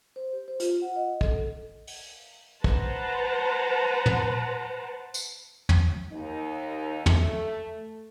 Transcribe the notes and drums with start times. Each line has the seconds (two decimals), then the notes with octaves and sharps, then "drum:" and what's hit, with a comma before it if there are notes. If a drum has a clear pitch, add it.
0.16 C5
0.33 G4
0.48 C5
0.60 F4, drum: hi-hat
0.82 F#5
0.96 D#5
1.21 A4, drum: kick
1.87 drum: open hi-hat
2.64 B4 C5 F#5 A5 A#5, drum: kick
4.06 drum: tom
5.14 drum: tambourine
5.69 drum: tom
6.13 D#2 D#4
7.06 A3, drum: tom